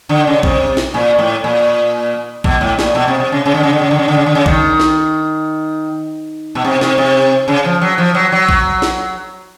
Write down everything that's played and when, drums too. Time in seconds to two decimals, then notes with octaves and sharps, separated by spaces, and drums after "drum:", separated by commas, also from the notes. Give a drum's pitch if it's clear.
0.09 D3
0.27 C#3
0.43 C3, drum: kick A#1
0.77 drum: snare
0.94 A#2
1.19 A2
1.44 A#2
2.44 B2, drum: kick A#1
2.61 A2
2.79 A#2, drum: snare
2.95 B2
3.07 C3
3.20 C3
3.32 C#3
3.46 C#3
3.54 D3
3.63 C#3
3.73 D3
3.81 C#3
3.91 D3
3.99 C#3
4.08 D3
4.17 C#3
4.26 D3
4.35 C#3
4.46 D#3, drum: kick A#1
4.80 drum: snare
6.55 B2
6.64 C3
6.81 C3, drum: snare
6.98 C3
7.48 C#3
7.65 F3
7.81 F#3
7.98 F3
8.15 F#3
8.32 F#3
8.49 drum: kick A#1
8.82 drum: snare